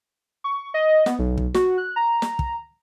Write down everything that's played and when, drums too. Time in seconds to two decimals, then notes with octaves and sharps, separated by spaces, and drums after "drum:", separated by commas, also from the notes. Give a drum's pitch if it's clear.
0.44 C#6
0.74 D#5
1.06 B3, drum: snare
1.19 B1
1.38 drum: kick
1.54 F#4, drum: snare
1.78 F#6
1.96 A#5
2.22 drum: snare
2.39 drum: kick